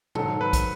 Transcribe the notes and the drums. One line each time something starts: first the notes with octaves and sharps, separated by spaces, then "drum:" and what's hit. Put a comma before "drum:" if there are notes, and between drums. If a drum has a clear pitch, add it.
G#2 D#3 F#3 A4, drum: tom A#2
B4
drum: kick, hi-hat